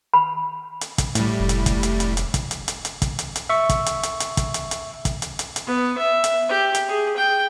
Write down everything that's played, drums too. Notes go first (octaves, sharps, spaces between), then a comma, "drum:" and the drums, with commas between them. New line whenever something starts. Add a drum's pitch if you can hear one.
B5
drum: hi-hat
drum: kick, hi-hat
A2 G3, drum: hi-hat
F1
drum: hi-hat
drum: kick, hi-hat
drum: hi-hat
drum: hi-hat
drum: hi-hat
drum: kick, hi-hat
drum: hi-hat
drum: hi-hat
drum: hi-hat
drum: kick, hi-hat
drum: hi-hat
drum: hi-hat
E5 C#6
drum: kick, hi-hat
drum: hi-hat
drum: hi-hat
drum: hi-hat
drum: kick, hi-hat
drum: hi-hat
drum: hi-hat
drum: kick, hi-hat
drum: hi-hat
drum: hi-hat
drum: hi-hat
B3
E5
drum: hi-hat
G4
drum: hi-hat
G#4
G5